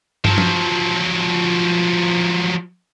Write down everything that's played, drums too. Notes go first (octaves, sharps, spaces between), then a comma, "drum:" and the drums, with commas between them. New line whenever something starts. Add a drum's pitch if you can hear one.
F3 F#3, drum: tom
drum: tom